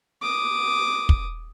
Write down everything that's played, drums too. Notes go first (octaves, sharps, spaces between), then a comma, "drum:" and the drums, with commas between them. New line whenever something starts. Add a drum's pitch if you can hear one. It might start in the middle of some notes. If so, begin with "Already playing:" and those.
D6 D#6
drum: kick